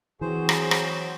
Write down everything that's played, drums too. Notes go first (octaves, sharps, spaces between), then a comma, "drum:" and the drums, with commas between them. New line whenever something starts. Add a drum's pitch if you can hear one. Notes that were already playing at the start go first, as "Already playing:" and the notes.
E3 F#3 C4 F#4 G#4 C5
drum: rim click
drum: rim click